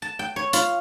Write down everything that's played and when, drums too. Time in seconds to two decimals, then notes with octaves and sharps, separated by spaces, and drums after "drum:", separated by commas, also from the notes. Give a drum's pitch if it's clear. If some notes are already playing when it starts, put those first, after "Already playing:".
0.02 A5
0.19 G5
0.36 C#5
0.53 F4, drum: hi-hat